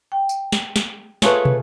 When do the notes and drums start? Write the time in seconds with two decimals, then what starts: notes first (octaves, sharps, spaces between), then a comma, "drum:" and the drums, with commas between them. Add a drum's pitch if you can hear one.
0.12 G5
0.29 drum: tambourine
0.52 drum: snare
0.76 drum: snare
1.22 A3 F4 G#4 B4 C#5 C#6, drum: snare
1.45 drum: tom